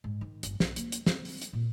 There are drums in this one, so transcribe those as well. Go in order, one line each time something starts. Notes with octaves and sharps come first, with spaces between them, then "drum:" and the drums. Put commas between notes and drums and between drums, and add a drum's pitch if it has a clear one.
G#2
D#3
G1, drum: hi-hat
B1, drum: snare
A#3, drum: hi-hat
drum: hi-hat
C4, drum: snare
drum: open hi-hat
drum: hi-hat
A#2